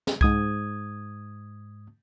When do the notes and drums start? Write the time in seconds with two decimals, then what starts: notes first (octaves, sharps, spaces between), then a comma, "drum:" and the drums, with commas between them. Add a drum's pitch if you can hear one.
0.07 drum: snare
0.21 G#2 D#6 G#6, drum: kick C2